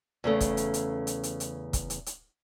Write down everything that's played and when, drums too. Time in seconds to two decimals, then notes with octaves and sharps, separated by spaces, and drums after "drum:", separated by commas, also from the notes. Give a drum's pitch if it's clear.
0.24 E2 C#3 A3
0.41 drum: kick, hi-hat
0.57 drum: hi-hat
0.74 drum: hi-hat
1.07 drum: hi-hat
1.23 drum: hi-hat
1.40 drum: hi-hat
1.73 drum: kick, hi-hat
1.90 drum: hi-hat
2.06 drum: hi-hat